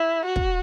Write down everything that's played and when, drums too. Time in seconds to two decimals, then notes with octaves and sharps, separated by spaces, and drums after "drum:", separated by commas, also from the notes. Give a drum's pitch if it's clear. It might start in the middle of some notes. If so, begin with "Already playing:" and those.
Already playing: E4
0.26 F#4
0.36 drum: kick